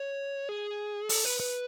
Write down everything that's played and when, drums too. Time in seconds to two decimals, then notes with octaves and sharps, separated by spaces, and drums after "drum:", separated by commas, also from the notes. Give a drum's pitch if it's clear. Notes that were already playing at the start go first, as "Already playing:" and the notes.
Already playing: C#5
0.49 G#4
1.09 A4, drum: open hi-hat
1.25 B4
1.40 B4